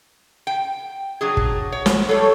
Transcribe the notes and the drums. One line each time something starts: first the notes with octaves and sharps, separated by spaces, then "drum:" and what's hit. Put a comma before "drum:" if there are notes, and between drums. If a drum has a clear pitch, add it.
G5
F#3 D4 G#4
drum: kick
C#5
drum: snare
F#3 G3 A4 C#5